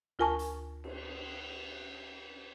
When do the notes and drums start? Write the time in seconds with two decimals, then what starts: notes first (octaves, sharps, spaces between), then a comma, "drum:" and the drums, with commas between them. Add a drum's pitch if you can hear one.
0.19 D2 F4 A#4 G#5 A5 C#6
0.39 drum: hi-hat
0.84 drum: cymbal